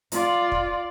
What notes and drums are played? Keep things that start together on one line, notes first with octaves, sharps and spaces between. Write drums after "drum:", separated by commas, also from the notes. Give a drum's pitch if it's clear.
F4 D5, drum: hi-hat
drum: kick